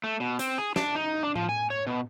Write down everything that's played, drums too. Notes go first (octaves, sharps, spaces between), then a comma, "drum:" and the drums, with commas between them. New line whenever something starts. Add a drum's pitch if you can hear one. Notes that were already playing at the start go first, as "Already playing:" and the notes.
A3
B2
C4, drum: hi-hat
G#4
D4, drum: snare
D#4
D4
F3, drum: tom A2
G#5
C#5
B2